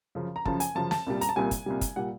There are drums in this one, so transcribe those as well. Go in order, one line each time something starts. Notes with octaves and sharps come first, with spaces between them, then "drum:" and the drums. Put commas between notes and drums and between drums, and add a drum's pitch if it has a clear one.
F#2 C#3 F3
A#5
F#2 C#3 F3 A5, drum: kick
G#5, drum: hi-hat
F#2 C#3 F3 A5
A5, drum: snare
C2 A#2 G3
A#5, drum: hi-hat
A5
C2 A#2 G3 G#5
drum: kick, hi-hat
C2 A#2 G3
drum: kick, hi-hat
A#2 G3 F#5